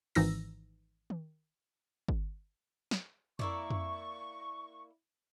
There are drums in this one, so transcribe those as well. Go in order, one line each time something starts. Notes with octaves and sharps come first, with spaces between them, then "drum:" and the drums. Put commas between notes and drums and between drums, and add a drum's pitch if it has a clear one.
G#1 G#2 E3 D#4 E6 A#6, drum: open hi-hat
drum: tom D#3
drum: kick
drum: snare
A#3 E4 D5 C#6, drum: tom F2
drum: tom F2